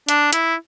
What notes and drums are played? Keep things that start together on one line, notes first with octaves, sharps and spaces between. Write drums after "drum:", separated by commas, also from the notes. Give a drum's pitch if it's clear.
D4, drum: hi-hat
E4, drum: hi-hat